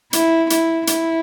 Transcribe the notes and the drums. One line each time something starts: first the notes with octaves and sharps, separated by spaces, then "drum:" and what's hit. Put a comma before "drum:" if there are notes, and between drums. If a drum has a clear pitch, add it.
E4, drum: hi-hat
E4, drum: hi-hat
E4, drum: hi-hat